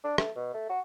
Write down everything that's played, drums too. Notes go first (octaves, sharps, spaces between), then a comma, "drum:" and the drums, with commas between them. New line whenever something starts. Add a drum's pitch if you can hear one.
D4
A3, drum: rim click
B2
A3
F#4